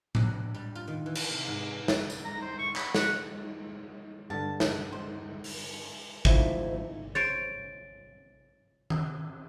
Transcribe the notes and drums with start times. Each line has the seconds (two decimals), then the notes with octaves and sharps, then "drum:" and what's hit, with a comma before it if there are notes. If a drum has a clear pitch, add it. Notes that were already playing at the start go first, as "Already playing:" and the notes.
0.15 D4, drum: tom A2
0.55 G3
0.75 F4
0.87 D#3
1.06 E3
1.15 drum: cymbal
1.30 C3
1.47 G#2
1.61 D#5
1.88 drum: snare
2.10 drum: tambourine
2.25 A#5
2.42 C5
2.59 C#6
2.76 B5, drum: clap
2.95 F#4, drum: snare
4.30 G2 D3 A5
4.60 drum: snare
4.92 C5
5.44 drum: open hi-hat
6.25 G#1 D2 F3 D#4 E4 C5, drum: kick
7.15 C5 C#5 A6 D7
8.90 drum: tom D#3